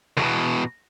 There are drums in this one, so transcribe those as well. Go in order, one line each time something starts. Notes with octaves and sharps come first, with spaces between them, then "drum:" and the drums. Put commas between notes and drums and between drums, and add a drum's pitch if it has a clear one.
E2 B2, drum: snare